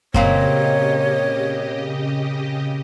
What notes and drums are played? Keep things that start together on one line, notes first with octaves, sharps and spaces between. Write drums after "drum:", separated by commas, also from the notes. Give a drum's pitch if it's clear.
A#2 C#3 A#3 C4 G4 C#5 D#5, drum: kick F#2